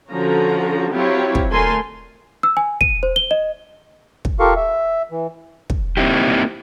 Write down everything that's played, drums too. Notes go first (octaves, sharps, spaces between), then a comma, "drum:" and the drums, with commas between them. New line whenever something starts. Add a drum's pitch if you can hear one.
D3 F3 C#4 F#4 A#5
F#3 C4 E4 F4 G4 C#5
drum: kick
D3 A3 A4 A#4 G#5 C6
E6
G#5
D#7, drum: kick
C5
G7
D#5
drum: kick
F4 G4 A4 A#4 F5 C#6
E5
E3
drum: kick
A#3 C4 D#4 E4 G4